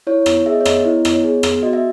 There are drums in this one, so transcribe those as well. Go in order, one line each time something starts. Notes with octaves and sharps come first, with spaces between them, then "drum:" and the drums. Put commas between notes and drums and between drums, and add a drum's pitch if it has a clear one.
E4 C#5
B3, drum: rim click
G#4 E5
D#5
C#5
B3 D#5, drum: rim click
E4 D#5
B3, drum: rim click
C#5
G#4
B3, drum: rim click
F#4 D#5
E5